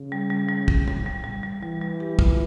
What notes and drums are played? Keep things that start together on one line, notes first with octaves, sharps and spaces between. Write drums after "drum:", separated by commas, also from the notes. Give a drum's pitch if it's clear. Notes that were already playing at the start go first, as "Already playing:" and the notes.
Already playing: C#3
G3
G3
G3
G3, drum: kick
G3, drum: tom
G3
G3
G3
E3 G3
G3
G4
F4, drum: kick